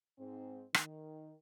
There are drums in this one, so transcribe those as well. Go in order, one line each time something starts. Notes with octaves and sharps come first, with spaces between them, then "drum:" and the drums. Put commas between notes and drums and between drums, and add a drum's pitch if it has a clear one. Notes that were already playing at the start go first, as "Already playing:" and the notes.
G#2 C4
D#3, drum: rim click